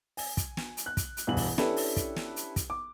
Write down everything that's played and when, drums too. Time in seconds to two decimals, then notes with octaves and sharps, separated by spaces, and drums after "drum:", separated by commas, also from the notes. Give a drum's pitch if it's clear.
0.17 G#5, drum: open hi-hat
0.37 drum: kick, hi-hat
0.57 drum: snare
0.77 drum: hi-hat
0.86 F#6
0.97 drum: kick, hi-hat
1.17 drum: hi-hat
1.27 E1 G2 E3 F#7
1.37 drum: kick, open hi-hat
1.58 C#4 D4 E4 G4 A4 B4, drum: snare
1.77 drum: open hi-hat
1.96 drum: kick, hi-hat
2.16 drum: snare
2.36 drum: hi-hat
2.56 drum: kick, hi-hat
2.70 D6